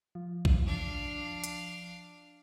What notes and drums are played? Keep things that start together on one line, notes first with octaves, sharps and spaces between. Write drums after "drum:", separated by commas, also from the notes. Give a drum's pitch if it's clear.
F3
drum: kick A#1
D4 F5
drum: hi-hat